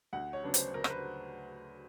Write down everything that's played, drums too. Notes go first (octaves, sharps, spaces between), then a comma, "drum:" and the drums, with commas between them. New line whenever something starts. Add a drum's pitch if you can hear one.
D2 F#5
C#5
C#3 F#3 B3 D4
C5, drum: hi-hat
D2 A#4
C5, drum: rim click
B4